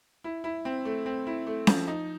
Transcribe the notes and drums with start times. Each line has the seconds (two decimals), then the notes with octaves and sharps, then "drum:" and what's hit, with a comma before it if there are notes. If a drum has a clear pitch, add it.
0.24 E4
0.44 E4
0.65 C4
0.85 A3
1.06 C4
1.27 E4
1.47 A3
1.67 F3, drum: snare C#4
1.87 D#4